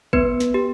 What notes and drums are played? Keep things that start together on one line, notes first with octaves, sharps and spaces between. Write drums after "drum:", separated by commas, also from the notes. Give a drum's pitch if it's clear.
B3 B4, drum: kick
drum: snare
G4